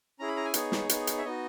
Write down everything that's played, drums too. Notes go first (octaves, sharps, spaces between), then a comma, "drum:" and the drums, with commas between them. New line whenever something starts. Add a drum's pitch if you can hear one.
C#4 E4 G#4 A#5
B5
A#5
G#5
B3 D#4 G#4 C#5, drum: hi-hat
drum: snare
B3 D#4 G#4, drum: hi-hat
drum: hi-hat
E5
B3 D#4 F#4 D#5